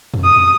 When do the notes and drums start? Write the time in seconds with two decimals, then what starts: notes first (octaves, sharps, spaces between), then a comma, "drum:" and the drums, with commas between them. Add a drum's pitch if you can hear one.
0.14 drum: tom F2
0.24 D#6